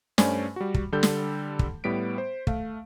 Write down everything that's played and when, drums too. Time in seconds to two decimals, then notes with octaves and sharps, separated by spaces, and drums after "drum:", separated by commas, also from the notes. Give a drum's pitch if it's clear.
0.18 G2 A3 C#4 C5 D5 G#5, drum: snare
0.56 G3 F#4
0.74 drum: kick
0.92 D3 G3 A4 G6
1.03 drum: snare
1.59 drum: kick
1.84 A2 G3 B3 B6 D7
2.18 C5
2.47 A3 F5, drum: kick